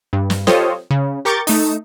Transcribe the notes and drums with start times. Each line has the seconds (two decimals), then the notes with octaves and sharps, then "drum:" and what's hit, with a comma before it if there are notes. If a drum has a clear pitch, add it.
0.13 G2
0.30 drum: snare
0.47 F4 G4 A4 C5 C#5 D#5, drum: snare
0.91 C#3
1.25 G4 A#4 C#6 D6 G6 A6
1.47 A3 D#4, drum: open hi-hat